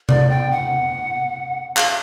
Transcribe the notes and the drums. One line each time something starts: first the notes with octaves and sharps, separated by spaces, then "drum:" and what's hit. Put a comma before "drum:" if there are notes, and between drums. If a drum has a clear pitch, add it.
D5, drum: tom C3
G5
F#5
F5, drum: clap